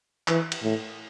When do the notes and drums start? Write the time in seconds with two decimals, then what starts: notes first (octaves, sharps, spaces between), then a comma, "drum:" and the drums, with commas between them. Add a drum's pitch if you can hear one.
0.28 E3, drum: clap
0.52 drum: cymbal
0.63 A2